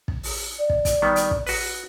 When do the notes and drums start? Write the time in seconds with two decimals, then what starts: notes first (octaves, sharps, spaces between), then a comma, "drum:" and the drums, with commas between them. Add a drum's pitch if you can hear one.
0.08 drum: kick
0.23 drum: open hi-hat
0.59 D5
0.70 drum: kick
0.85 drum: kick, hi-hat
1.02 D#3 G3 B3
1.16 drum: hi-hat
1.31 drum: kick
1.47 F#4 B4, drum: open hi-hat